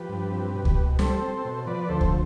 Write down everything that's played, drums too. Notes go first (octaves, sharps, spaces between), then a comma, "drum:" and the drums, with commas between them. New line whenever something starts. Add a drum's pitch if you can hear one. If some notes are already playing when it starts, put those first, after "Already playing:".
Already playing: F3 G4 B4
G2
C4
B2
drum: kick C#2
B2
G3 A4 C5, drum: snare
C4
B2
F3 B4 D5
D5
D2 A4 C5
drum: kick C#2